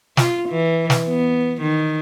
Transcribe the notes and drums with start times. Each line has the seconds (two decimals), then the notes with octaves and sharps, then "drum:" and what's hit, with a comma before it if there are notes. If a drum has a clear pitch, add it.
0.17 F4, drum: snare
0.49 E3
0.90 drum: snare
1.08 B3
1.62 D#3